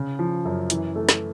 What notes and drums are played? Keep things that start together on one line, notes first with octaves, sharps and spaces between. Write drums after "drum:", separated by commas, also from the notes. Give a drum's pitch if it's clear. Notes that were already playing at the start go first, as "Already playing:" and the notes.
Already playing: C#3
F3
F#2
E3, drum: hi-hat
A3
drum: snare